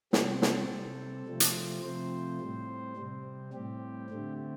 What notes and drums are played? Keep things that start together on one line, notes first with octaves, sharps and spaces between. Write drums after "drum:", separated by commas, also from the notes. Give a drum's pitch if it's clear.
C3 G3 C4 G4, drum: snare
A4, drum: snare
C3 G3 C4
C3 F3 A3 C4
drum: hi-hat
C3 F3 A3 C4 C5
A2 G3 C4
C3 G3 C4
A2 G3 C4 G4
D3 A3 C4